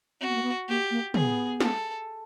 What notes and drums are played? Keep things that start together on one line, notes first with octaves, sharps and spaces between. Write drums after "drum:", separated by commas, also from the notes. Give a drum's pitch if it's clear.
C4 F#4
B3
A#3
B3
A#3 G4
A#3
B3 G#4, drum: tom
A4, drum: snare